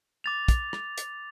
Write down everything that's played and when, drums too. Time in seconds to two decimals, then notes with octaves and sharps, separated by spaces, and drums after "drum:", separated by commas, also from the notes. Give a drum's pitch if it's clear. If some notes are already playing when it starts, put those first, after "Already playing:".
0.24 D6 A6 F7
0.48 drum: kick, hi-hat
0.73 drum: rim click
0.98 drum: hi-hat